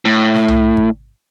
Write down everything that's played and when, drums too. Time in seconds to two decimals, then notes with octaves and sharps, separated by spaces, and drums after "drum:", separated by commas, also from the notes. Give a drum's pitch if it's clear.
0.05 A2
0.34 drum: snare
0.48 drum: tom C2
0.77 drum: kick G#1